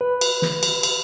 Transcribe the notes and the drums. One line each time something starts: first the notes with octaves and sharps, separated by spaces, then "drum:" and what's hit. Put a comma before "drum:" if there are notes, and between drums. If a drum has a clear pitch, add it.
B4
drum: cymbal
drum: snare
drum: cymbal
drum: cymbal